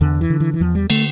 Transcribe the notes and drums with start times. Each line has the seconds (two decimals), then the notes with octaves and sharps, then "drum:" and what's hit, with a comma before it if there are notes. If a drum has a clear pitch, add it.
0.01 E2 D3
0.21 E3
0.30 D3
0.40 E3
0.54 E3
0.60 E2 F3
0.75 G3
0.90 D3 A3, drum: cymbal